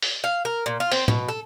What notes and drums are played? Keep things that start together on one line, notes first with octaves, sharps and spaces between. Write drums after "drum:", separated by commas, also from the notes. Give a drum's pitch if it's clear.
drum: open hi-hat
F5
A#4
A#2
F4
C4, drum: open hi-hat
B2, drum: tom
A4